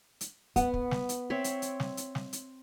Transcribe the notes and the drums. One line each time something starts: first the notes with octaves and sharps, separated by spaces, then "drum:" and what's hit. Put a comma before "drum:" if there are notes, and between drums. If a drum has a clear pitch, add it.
drum: hi-hat
B3 F#5, drum: kick, hi-hat
drum: kick
drum: snare
drum: hi-hat
C4 C#5 E5
drum: hi-hat
drum: hi-hat
drum: snare
drum: hi-hat
drum: snare
drum: hi-hat